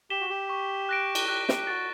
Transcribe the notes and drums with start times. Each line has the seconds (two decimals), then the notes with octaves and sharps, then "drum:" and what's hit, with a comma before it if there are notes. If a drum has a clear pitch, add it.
0.10 G4 B6 E7 G7
0.21 F#4
0.30 G4
0.49 C#6
0.89 F#6 A#6 D7
1.15 drum: cymbal
1.29 G4 F#6
1.49 G4, drum: snare
1.67 F#4 A6 D7